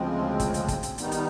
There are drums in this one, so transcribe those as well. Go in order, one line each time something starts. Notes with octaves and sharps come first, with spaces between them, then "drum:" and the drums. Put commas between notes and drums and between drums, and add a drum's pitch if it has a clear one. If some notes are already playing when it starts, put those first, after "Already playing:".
Already playing: D2 C#3 F3 G#3 C4
drum: kick, hi-hat
drum: hi-hat
drum: kick, hi-hat
drum: hi-hat
D#3 G3 B3 D#4, drum: hi-hat
drum: hi-hat